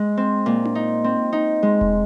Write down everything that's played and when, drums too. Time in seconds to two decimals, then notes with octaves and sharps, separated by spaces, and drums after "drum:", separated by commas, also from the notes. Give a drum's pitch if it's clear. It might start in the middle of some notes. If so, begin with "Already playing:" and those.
Already playing: G#3
0.17 C4
0.46 A#2
0.65 drum: tom D4
0.75 D#4
1.04 C4
1.33 D#4
1.63 G#3
1.81 drum: kick E1